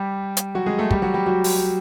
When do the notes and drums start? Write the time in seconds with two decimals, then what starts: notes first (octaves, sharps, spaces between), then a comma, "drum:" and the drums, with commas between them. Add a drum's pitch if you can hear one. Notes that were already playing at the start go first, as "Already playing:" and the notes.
Already playing: G3 G4
0.37 drum: hi-hat
0.55 F#3 F#4
0.66 G#3 G#4
0.78 A3 A4
0.91 G3 G4, drum: kick
1.02 F#3 F#4
1.14 G3 G4
1.26 F#3 F#4
1.44 drum: open hi-hat